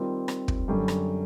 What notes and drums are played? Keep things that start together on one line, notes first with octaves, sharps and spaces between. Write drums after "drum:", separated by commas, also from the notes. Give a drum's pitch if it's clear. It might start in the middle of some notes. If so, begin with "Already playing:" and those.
Already playing: D#3 G3 C4 F4
drum: rim click
drum: kick
F#2 D3 G3
drum: rim click